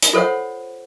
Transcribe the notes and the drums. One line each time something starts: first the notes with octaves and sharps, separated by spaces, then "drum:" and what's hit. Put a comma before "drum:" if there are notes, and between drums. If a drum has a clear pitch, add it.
drum: hi-hat
F4 A4 C5 C#5 F#5